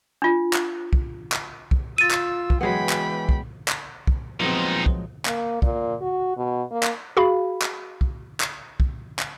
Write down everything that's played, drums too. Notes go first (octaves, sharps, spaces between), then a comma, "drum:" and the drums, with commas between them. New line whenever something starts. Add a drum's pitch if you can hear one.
D4 F4
drum: clap
drum: kick
drum: clap
drum: kick
F4 E6 A6 D#7
drum: clap
drum: kick
E3 F#3 G#3 B3 G5 B5
drum: clap
drum: kick
drum: clap
drum: kick
A#2 F3 F#3 G#3 B3 C4 D#4
drum: kick
A#3, drum: clap
A#2, drum: kick
F#4
B2
A#3
drum: clap
F#4 G#4 F5 B5
drum: clap
drum: kick
drum: clap
drum: kick
drum: clap